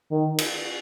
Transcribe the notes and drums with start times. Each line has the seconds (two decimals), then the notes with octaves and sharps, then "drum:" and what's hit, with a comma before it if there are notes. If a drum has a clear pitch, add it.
0.11 D#3
0.38 drum: cymbal